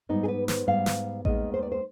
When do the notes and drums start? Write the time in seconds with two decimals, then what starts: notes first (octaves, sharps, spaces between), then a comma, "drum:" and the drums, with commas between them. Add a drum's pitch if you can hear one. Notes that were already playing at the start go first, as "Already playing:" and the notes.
0.09 G#2 G3 B3 D#4
0.23 G#4
0.28 B4
0.48 C5, drum: snare
0.66 G#2 G3 B3 F5
0.86 drum: snare
1.25 D#2 D#3 G#3 B3 D#5, drum: kick A1
1.54 C5
1.63 D5
1.72 C5